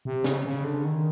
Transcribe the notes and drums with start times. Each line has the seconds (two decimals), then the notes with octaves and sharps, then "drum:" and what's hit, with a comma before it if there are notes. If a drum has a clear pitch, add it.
0.05 C3
0.24 C#3, drum: snare
0.45 C#3
0.64 D3
0.84 D#3